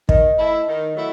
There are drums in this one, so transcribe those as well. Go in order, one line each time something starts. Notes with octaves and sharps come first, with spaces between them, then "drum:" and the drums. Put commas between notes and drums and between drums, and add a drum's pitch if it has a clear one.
D#3 D#5, drum: kick
A3 E4
D#3
F#3 A3 E4